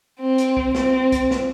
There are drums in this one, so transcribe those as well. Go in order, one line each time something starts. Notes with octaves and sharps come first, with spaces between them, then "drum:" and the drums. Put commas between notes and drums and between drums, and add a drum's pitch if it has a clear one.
C4
drum: hi-hat
drum: kick
C4, drum: snare
drum: kick, hi-hat
drum: snare